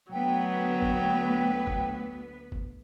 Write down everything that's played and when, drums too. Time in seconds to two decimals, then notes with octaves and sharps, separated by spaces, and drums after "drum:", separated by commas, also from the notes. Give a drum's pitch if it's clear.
0.12 D2 F#3 B3 B4 G5
0.82 drum: kick G1
1.67 drum: kick G1
2.52 drum: kick G1